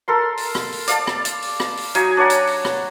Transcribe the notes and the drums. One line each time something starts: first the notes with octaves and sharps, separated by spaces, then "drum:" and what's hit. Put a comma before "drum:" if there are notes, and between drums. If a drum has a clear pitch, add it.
A4 A#4 C6
drum: open hi-hat
drum: rim click
drum: open hi-hat
D5 F5 A5, drum: hi-hat
drum: rim click
drum: hi-hat
drum: open hi-hat
drum: rim click
drum: open hi-hat
F#3 D#4 F5 G#5, drum: hi-hat
D4 C#5 F#5 A#5
drum: hi-hat
drum: open hi-hat
drum: rim click